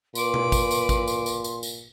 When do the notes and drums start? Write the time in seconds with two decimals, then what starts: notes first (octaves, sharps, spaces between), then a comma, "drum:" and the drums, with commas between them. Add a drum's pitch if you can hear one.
0.15 A#2 B4 C6 D6, drum: tambourine
0.34 drum: tom B2
0.52 drum: kick, tambourine
0.71 drum: tambourine
0.89 drum: kick, tambourine
1.08 drum: tambourine
1.26 drum: tambourine
1.44 drum: tambourine
1.63 drum: tambourine